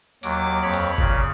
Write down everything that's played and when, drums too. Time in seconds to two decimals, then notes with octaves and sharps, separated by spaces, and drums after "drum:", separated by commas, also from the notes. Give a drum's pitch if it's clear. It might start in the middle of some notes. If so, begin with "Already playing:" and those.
0.23 D#2 F#3 D6, drum: hi-hat
0.63 F2 C#5 B5
0.74 drum: hi-hat
0.98 A#2 C#3, drum: kick G#1